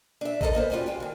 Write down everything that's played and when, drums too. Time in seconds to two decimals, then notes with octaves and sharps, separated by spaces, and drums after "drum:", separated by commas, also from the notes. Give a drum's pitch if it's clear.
0.21 D4 E5
0.41 D#4 F4 A4 A#4 C5 D#5, drum: kick A1
0.53 G#3 A#3 B3 C5
0.70 G3 B3 C#4 D4 F4 F#4
0.86 G#3 F4 G5
1.00 A#2 D#3